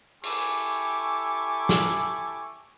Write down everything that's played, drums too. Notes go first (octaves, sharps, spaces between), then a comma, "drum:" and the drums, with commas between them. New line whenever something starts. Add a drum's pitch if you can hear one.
E4 G4 A4 G#5 C#6 D6, drum: open hi-hat
drum: snare